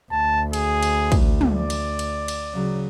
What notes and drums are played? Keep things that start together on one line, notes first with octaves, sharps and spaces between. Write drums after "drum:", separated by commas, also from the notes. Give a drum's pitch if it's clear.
D2 A5
G#4, drum: cymbal
drum: cymbal
drum: kick, cymbal
drum: tom
D5
drum: cymbal
drum: cymbal
drum: cymbal
C#3 F#3